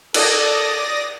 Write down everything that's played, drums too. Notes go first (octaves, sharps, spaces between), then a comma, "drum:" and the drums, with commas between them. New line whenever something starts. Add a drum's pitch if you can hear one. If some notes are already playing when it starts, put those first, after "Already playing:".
A4 D5 D#6 A#6, drum: cymbal